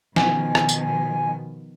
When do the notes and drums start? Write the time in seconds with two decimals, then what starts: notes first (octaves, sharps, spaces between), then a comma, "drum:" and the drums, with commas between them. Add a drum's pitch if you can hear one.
0.16 B2 D#3 F3 G#5, drum: snare
0.55 drum: rim click
0.69 drum: tambourine